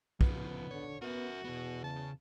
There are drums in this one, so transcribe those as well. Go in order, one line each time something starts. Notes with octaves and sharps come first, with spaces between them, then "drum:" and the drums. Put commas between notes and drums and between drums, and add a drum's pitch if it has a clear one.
C#3 F3 B3, drum: kick
D3 C#5
B3 F#4 A#4 E5
E2 B2 B3
C#3 A5